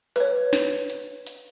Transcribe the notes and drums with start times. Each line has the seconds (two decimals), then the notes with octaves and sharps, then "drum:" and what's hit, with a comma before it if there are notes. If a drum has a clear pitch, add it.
0.16 B4 C#5, drum: hi-hat
0.53 drum: snare
0.90 drum: hi-hat
1.27 drum: hi-hat